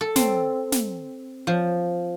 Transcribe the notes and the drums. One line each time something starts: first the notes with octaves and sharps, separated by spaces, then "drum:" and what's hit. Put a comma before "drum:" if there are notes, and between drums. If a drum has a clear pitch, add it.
A4
C4, drum: snare
drum: snare
F3